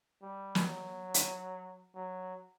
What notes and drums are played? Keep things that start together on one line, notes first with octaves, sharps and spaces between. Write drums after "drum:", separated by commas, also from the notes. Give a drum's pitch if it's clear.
G3
drum: snare
F#3
drum: hi-hat
F#3